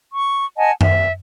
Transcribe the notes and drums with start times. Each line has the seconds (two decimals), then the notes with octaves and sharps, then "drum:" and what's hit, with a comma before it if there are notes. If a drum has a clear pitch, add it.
0.13 C#6
0.57 D#5 F#5 G#5 A5
0.81 E5, drum: tom F#2